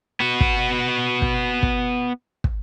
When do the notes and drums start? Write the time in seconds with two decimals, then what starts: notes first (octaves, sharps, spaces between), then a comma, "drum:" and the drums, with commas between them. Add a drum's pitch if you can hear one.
0.20 B3 F#4
0.41 drum: kick
1.22 drum: kick
1.63 drum: kick
2.44 drum: kick